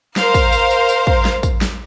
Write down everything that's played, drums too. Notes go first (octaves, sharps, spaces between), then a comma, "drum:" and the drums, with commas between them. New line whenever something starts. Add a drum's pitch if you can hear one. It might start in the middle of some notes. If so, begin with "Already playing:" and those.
A#4 C5 F5, drum: snare
drum: kick, tambourine
drum: tambourine
drum: tambourine
drum: tambourine
drum: kick
drum: snare
drum: kick, tambourine
drum: snare